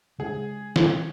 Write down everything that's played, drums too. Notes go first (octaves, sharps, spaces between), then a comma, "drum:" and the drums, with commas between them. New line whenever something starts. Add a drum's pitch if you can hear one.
C#3 G#3 C#4 G#4
drum: snare